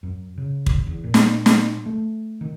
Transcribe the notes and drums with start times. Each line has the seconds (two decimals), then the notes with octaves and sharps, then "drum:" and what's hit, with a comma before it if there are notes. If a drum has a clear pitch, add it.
0.03 F#2
0.38 C#3
0.66 drum: kick
0.87 E2
1.04 A#2
1.14 drum: snare
1.46 drum: snare
1.86 A3
2.41 D#3